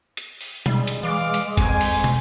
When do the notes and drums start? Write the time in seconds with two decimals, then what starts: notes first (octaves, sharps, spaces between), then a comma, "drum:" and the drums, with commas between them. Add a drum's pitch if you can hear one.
0.17 drum: hi-hat
0.41 drum: open hi-hat
0.66 G3 G#3, drum: tom B2
0.87 drum: hi-hat
1.03 E3 F5 D6
1.34 drum: hi-hat
1.57 F2 F#4 C5 G#5, drum: kick G1, hi-hat
1.81 drum: open hi-hat
2.04 drum: tom